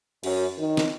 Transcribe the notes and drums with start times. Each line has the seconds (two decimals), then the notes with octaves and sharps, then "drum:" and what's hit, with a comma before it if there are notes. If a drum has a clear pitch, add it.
0.23 F#2, drum: cymbal
0.57 D#3
0.77 drum: snare